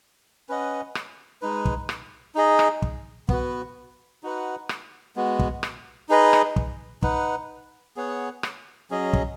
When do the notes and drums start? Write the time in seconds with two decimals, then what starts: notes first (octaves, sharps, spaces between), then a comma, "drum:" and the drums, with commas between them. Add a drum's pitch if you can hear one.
0.49 C#4 B4 D#5 F#5
0.95 drum: rim click
1.42 G#3 D#4 B4
1.65 drum: kick
1.89 drum: rim click
2.35 D#4 G#4 D#5
2.59 drum: rim click
2.82 drum: kick
3.29 B3 F#4 B4, drum: kick
4.23 D#4 F#4 B4 F#5
4.69 drum: rim click
5.16 G#3 B3 F#4
5.39 drum: kick
5.63 drum: rim click
6.09 D#4 G#4 B4 D#5
6.33 drum: rim click
6.56 drum: kick
7.02 D#4 B4 F#5, drum: kick
7.96 B3 G#4 C#5 F#5
8.43 drum: rim click
8.90 F#3 C#4 G#4 D#5
9.13 drum: kick